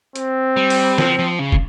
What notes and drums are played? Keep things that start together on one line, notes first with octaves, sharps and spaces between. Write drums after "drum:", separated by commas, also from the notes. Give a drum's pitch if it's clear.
C4, drum: hi-hat
G3
drum: open hi-hat
F3, drum: snare
F3
C#3
drum: kick